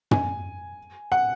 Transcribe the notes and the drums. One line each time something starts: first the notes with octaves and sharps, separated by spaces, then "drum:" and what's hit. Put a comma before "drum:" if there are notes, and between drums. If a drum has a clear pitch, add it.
G#5, drum: tom
F#5